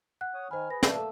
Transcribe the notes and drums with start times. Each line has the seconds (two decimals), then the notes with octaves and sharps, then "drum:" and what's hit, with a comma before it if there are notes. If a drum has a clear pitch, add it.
0.21 F#5 F#6
0.34 C#5 D#6
0.51 D#3 C5 G#5 B5 F6
0.70 G#4 B4 A#6
0.83 A3 A#3 B4 D5 A5 E6, drum: snare
0.95 A4 A5